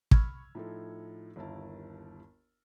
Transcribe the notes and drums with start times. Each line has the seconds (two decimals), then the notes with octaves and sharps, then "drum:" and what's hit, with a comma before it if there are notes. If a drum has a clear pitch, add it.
0.11 B5 C#6 E6 F6 G#6, drum: kick
0.55 A2 F3 D#4 A4
1.36 G1 D#2 E4 A#4 A5